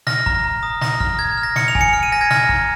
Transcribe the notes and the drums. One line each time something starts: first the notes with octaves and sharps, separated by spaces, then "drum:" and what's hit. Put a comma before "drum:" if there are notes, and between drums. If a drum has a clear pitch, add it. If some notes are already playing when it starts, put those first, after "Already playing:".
F6 A#6, drum: snare
A#5, drum: kick
A#5
D#6
A#5 A#6, drum: snare
F6, drum: kick
A#5 G#6
F6
A#6
F6 C#7, drum: snare
F7
G#5, drum: kick
C#7
F6 C#7
D#7
G#5 A#6
G#6
F6 A#6, drum: snare
A#5, drum: kick